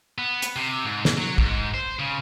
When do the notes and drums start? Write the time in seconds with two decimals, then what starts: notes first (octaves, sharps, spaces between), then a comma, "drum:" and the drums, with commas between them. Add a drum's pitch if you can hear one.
0.18 B3
0.42 drum: hi-hat
0.56 C3
0.85 G#2
1.05 drum: snare
1.17 F#3
1.38 G#2, drum: kick
1.74 C5
1.99 C#3